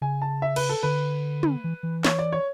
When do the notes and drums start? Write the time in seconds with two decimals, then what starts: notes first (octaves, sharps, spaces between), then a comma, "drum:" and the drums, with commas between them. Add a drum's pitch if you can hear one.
0.01 C#3 G#5
0.22 A5
0.42 E5
0.56 B4, drum: cymbal
0.69 A4
0.83 D3 B4
1.43 drum: tom
1.64 E3
1.83 E3
2.05 C#5, drum: snare
2.19 D5
2.32 C#5